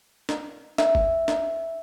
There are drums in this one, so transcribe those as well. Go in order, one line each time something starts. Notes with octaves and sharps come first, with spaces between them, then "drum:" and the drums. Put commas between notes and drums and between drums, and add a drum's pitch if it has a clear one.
drum: snare
E5, drum: snare
drum: kick
drum: snare